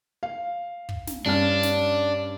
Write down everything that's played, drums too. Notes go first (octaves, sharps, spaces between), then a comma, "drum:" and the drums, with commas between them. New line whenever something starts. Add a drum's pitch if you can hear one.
F5
drum: kick
drum: snare
G2 C#4 D4 F6
drum: snare